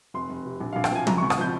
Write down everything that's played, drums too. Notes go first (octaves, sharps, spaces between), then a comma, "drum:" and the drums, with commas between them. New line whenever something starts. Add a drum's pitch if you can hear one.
F1 C6
F1
C3
A#1
A#1 F5
G5, drum: rim click
F3 G#5
C#2 A#5, drum: tom
C#6
C#2
D#6, drum: rim click
F3 G6